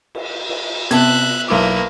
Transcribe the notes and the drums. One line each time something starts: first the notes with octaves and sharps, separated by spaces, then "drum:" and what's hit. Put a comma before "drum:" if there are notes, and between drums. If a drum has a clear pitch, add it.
drum: cymbal
drum: cymbal
C3 B3 E5 A5 F#6 F#7, drum: hi-hat
B1 A#3 E4 B4 D6